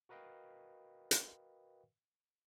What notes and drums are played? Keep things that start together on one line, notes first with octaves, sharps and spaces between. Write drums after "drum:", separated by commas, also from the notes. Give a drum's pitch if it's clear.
F#4 A#4 B4 D#5 F5 G5
drum: hi-hat